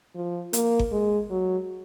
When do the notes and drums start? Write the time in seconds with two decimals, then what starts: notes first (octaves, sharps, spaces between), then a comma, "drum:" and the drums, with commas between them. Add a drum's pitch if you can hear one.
0.16 F3
0.53 A#3, drum: hi-hat
0.79 drum: kick G1
0.92 G#3
1.30 F#3